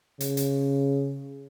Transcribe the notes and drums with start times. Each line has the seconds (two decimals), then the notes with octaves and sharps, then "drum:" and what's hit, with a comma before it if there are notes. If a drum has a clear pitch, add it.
0.21 C#3, drum: hi-hat
0.37 drum: hi-hat